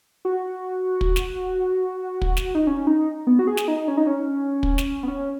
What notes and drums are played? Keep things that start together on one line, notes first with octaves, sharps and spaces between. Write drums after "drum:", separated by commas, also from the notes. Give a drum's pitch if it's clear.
F#4
drum: kick
drum: snare
drum: kick
drum: snare
D#4
C#4
D#4
B3
F#4
G#4
drum: snare
D#4
C#4
D#4
C#4
drum: kick
drum: snare
B3
C#4